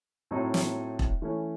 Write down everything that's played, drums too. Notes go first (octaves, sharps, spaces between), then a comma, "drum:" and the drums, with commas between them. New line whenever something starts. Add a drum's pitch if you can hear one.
A2 F#3 C4 D#4
drum: snare
drum: kick E1
E3 A3 C#4